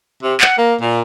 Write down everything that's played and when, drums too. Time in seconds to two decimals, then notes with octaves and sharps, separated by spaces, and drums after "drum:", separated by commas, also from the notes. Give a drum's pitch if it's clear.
0.23 C3
0.41 F#5, drum: clap
0.56 A#3
0.80 A#2